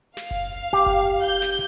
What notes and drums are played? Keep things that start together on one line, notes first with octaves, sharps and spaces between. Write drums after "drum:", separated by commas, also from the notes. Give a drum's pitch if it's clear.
F5, drum: snare
drum: kick F#1
G4
drum: kick F#1
G6
drum: snare